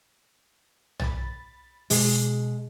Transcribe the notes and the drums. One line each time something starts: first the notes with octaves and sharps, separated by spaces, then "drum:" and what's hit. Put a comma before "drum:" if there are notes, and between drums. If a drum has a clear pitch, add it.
B5 A6, drum: tom B1
B2 G#3, drum: open hi-hat